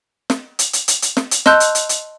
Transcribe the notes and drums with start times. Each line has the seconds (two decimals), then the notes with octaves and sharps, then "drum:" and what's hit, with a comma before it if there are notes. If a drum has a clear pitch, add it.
0.30 drum: snare
0.59 drum: hi-hat
0.73 drum: hi-hat
0.88 drum: hi-hat
1.02 drum: hi-hat
1.17 drum: snare
1.31 drum: hi-hat
1.46 D#5 A5 C6 E6 F#6 G6, drum: snare
1.60 drum: hi-hat
1.75 drum: hi-hat
1.89 drum: hi-hat